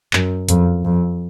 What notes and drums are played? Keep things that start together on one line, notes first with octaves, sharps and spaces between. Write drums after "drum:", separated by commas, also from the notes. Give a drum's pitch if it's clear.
F#2, drum: clap
F2, drum: hi-hat
F2